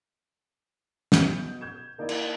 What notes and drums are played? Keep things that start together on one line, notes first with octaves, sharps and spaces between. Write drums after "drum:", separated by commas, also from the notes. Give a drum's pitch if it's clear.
B2 D#6 G6, drum: snare
G6 G#6 E7
A#3 D#4 E4 D5
drum: cymbal